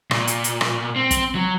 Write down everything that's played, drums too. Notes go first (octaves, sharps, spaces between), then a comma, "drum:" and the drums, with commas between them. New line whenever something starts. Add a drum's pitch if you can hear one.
A#2, drum: rim click
drum: hi-hat
drum: hi-hat
drum: rim click
C4
drum: kick, hi-hat
F#3